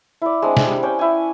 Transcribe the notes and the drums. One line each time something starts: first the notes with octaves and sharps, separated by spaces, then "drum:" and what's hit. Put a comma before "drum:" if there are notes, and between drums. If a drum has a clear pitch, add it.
E4 D5
G#3 C4 D4
drum: snare
G3
C#4 D4 G5
E4 G#5